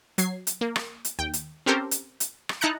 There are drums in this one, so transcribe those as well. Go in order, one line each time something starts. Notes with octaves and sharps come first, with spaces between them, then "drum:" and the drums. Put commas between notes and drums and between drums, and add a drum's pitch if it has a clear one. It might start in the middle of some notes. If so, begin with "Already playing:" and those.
F#3 G#6 C7, drum: hi-hat
drum: hi-hat
A#3
drum: rim click
drum: hi-hat
D#2 G5
drum: hi-hat
C4 C#4 G4 A4 A#4 C5
drum: hi-hat
drum: hi-hat
drum: rim click
D#4 E4 A5 A#5 F#6 C#7